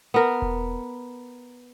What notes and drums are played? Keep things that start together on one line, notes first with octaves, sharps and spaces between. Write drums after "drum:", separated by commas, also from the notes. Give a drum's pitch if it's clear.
B3 A#4
drum: kick E1